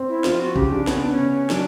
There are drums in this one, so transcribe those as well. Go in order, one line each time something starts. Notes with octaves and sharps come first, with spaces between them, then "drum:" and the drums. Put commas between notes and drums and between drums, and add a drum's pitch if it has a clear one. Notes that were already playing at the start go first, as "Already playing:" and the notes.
Already playing: C4
E4
F3 F4, drum: snare
F#4
C#3 G4, drum: kick B1
D4
B3 C#4, drum: snare
D4
C#4
C#3
F#3 D4, drum: snare